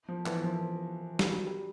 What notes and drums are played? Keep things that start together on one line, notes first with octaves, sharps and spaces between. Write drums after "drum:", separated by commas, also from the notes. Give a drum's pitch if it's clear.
F3
E3, drum: clap
F3
G3, drum: snare
F#3
G3